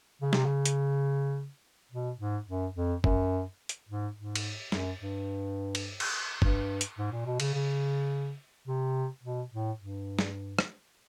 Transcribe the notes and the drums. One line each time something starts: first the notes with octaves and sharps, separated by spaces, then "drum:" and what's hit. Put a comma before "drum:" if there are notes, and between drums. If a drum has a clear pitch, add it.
C#3
C3, drum: snare
C#3
drum: hi-hat
B2
G#2
F#2
F2
F#2, drum: kick G1
drum: hi-hat
G#2
G#2
drum: cymbal
F#2, drum: snare
G2
drum: cymbal
drum: cymbal
G2, drum: kick G1
drum: hi-hat
G#2
A#2
B2
C#3, drum: cymbal
C#3
C3
B2
A2
G2
drum: snare
drum: rim click